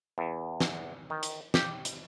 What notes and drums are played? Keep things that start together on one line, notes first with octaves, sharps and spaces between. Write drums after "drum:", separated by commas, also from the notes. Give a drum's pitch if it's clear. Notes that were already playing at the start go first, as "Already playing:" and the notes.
E2
drum: snare
D#3
drum: hi-hat
G4, drum: snare
drum: hi-hat